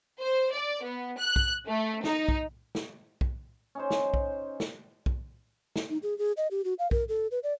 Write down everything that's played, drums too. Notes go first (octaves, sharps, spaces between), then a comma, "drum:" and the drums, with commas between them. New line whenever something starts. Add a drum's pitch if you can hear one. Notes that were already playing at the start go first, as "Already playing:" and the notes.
C5
D5
B3
F#6
drum: kick B1
A3
D#4, drum: snare
drum: kick B1
drum: snare
drum: kick B1
C#4 D#4 C5
drum: snare
drum: kick B1
drum: snare
drum: kick B1
drum: snare
D#4
G#4
G#4
D#5
G4
F#4
F5
A#4, drum: kick B1
A4
B4
D5